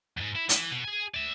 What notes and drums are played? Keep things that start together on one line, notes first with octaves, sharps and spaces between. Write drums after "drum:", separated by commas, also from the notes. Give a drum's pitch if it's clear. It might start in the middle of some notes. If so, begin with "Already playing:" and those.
E2 G#2
E4
E3, drum: hi-hat
B2
G#4 G#5
D5 E5